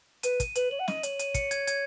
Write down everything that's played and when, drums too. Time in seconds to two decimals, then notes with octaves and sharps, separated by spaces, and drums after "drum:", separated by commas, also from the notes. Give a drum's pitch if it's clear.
0.23 B4 D#7, drum: hi-hat
0.40 D#7, drum: kick, hi-hat
0.55 B4 F#7, drum: hi-hat
0.71 C#5 F#7
0.79 F#5
0.88 D#5 D#7, drum: snare
1.03 C#5 F#7, drum: hi-hat
1.19 D#7, drum: hi-hat
1.34 C#7, drum: kick, hi-hat
1.51 G#6, drum: hi-hat
1.67 G#6, drum: hi-hat